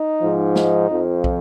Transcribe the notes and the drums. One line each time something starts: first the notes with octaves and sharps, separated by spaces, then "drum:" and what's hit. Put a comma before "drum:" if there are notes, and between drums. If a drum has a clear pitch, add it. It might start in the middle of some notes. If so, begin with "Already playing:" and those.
Already playing: D#4
G#2 F3
D#4, drum: snare
F2 F3
drum: kick